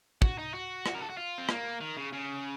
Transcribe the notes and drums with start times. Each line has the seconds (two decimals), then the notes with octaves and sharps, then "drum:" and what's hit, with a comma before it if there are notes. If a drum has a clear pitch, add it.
0.22 F#4, drum: kick
0.38 D#4
0.54 F#4
0.86 drum: rim click
0.95 A#4
1.02 A4
1.09 F#4
1.17 F4
1.38 C4
1.49 A#3, drum: rim click
1.81 D#3
1.97 C#3
2.13 C#3